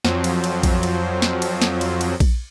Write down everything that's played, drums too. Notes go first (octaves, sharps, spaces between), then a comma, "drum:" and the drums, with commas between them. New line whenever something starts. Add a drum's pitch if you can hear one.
F2 F3 F#3, drum: snare
drum: cymbal
drum: cymbal
drum: kick A#1, cymbal
drum: cymbal
drum: snare
drum: cymbal
drum: snare
drum: cymbal
drum: cymbal
drum: kick A#1, cymbal